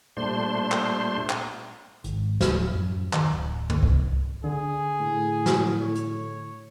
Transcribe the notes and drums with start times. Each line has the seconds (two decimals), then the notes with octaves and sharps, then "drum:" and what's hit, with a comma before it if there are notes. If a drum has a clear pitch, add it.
0.17 A#2 G3 A3 D4 C5 C6
0.72 drum: clap
1.30 drum: clap
2.04 G#1, drum: hi-hat
2.41 D1, drum: snare
2.72 F#2
3.13 D#3, drum: clap
3.31 D1
3.70 D2, drum: tom
3.83 C2, drum: kick
4.44 D3 G#4
5.00 A2
5.46 drum: snare
5.80 C#5
5.95 drum: hi-hat